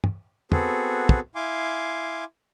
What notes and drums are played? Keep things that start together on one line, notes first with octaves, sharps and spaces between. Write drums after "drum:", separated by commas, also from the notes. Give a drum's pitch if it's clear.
drum: tom
B3 C4 F#4 G#4 A4, drum: tom
drum: kick
E4 F5 G#5 C6 D6